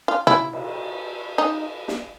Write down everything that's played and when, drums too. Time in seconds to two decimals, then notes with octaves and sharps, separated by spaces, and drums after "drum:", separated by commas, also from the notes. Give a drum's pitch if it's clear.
0.08 F4
0.27 E4, drum: tom B2
0.53 drum: cymbal
1.38 D#4
1.88 drum: snare